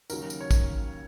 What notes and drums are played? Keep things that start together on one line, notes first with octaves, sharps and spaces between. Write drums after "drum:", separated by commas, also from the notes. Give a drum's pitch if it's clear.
D#2 C#3 F#3 A#4, drum: tambourine
drum: tambourine
C#5
drum: kick, tambourine